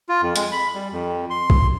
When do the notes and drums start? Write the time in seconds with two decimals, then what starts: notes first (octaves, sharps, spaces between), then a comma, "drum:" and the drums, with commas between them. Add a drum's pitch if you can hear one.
0.09 F4
0.22 F2
0.36 G#3, drum: hi-hat
0.52 B5
0.75 G3
0.92 F2
1.30 C6
1.50 drum: kick B1